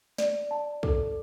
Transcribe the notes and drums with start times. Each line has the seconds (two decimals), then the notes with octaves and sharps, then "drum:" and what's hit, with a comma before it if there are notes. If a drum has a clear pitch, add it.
0.18 D5, drum: snare
0.51 A5
0.83 A4, drum: kick